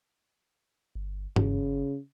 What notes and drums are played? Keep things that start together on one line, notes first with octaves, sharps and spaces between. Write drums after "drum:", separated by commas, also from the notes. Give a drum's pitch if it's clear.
G1
F#1 C#3, drum: tom G2